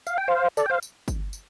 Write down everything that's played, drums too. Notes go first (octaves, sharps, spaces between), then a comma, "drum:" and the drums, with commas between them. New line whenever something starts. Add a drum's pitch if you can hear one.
F5, drum: tambourine
G5
C5 F5
A4 D5, drum: tambourine
G5
C5 F5
drum: tambourine
drum: kick G1, tambourine
drum: tambourine